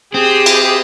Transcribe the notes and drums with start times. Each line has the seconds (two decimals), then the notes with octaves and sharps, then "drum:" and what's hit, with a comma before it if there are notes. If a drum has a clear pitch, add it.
0.14 C4 G4 G#4 D#6
0.46 drum: cymbal